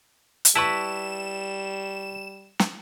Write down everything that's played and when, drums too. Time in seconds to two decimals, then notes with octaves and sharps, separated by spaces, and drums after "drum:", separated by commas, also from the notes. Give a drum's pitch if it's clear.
0.45 drum: hi-hat
0.55 G3 E4 B4 A5 C#6 E7
2.59 drum: snare